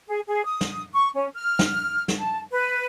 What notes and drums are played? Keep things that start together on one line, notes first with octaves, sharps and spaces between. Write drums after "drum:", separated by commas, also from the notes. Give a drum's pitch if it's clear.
G#4
G#4
D#6
drum: snare
C#6
C#4
F6
drum: snare
drum: snare
A5
B4